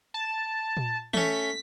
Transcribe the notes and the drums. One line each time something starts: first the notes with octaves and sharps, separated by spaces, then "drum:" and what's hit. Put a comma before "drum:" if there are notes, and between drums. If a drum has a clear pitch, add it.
A5
drum: tom A#2
A3 C#4 B6, drum: tom E3